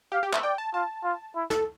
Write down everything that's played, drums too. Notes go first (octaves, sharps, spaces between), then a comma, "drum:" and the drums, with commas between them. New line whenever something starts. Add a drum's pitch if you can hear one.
G4 F5
G4
E5, drum: clap
D5 G5
A5
F4 A5
F4
E4
A4, drum: snare